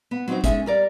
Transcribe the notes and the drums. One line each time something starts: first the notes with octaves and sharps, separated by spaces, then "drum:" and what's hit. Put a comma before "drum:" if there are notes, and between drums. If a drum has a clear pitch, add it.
B3
F#3 C4 D#4 F#4 C5
G#3 C#4 D#4 G#4 A4 E5, drum: kick, hi-hat
G3 A#4 D5